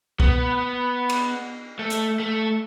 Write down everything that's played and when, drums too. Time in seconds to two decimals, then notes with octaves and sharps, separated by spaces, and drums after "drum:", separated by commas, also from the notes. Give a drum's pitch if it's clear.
0.20 B3, drum: kick C2
1.10 drum: cymbal
1.79 A3
1.90 drum: hi-hat
2.20 A3